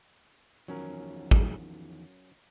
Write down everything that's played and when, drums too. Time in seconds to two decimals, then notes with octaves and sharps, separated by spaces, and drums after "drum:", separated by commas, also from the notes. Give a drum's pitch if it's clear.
0.68 E2 D#3 F3 F#3 C#4 A#4
1.31 drum: kick G#1